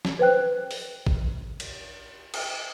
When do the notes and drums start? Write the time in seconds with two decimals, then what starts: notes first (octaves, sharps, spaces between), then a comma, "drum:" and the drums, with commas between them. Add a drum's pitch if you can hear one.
0.05 drum: snare
0.19 B4 C5 G5 F#6
0.71 drum: open hi-hat
1.07 drum: kick
1.60 drum: cymbal
2.34 drum: cymbal